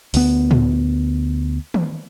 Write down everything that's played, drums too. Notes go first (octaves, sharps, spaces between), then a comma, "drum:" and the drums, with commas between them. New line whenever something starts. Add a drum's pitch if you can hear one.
D2 B3, drum: open hi-hat
drum: tom A2
drum: tom D#3